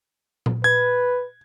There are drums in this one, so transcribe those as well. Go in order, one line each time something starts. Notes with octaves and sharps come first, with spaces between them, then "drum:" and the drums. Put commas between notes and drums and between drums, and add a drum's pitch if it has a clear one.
drum: tom A#2
B4 G#6